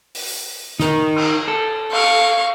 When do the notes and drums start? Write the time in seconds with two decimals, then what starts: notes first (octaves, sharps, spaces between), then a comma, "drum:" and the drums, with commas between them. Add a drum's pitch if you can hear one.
0.15 drum: open hi-hat
0.80 D#4 A#4, drum: snare
1.16 drum: cymbal
1.48 A4
1.92 F5 C#6, drum: cymbal